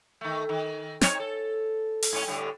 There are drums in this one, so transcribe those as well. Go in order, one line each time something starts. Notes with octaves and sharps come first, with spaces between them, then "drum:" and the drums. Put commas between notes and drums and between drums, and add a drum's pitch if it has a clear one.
D#3 A3
D#3
C4 D#4 C#5, drum: snare
A4
drum: open hi-hat
G#2 C#4
A2 D3 G3